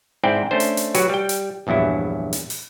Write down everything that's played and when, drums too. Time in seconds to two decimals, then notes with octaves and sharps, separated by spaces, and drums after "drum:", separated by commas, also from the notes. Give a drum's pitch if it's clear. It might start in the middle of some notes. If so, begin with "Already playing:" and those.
0.24 G#2 C4 E4 D5 G5
0.51 A3 C#4 D4 C5
0.60 drum: hi-hat
0.77 drum: hi-hat
0.95 F#3 F#4 G4 B4 F#5, drum: hi-hat
1.09 G3 G5
1.29 drum: hi-hat
1.67 A#1 E2 G2 F#3 E4
2.33 drum: hi-hat
2.50 drum: open hi-hat